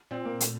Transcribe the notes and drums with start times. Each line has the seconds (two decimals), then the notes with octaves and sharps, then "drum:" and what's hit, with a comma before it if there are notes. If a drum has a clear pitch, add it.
0.11 A#2 C4
0.25 A#3
0.40 A3, drum: hi-hat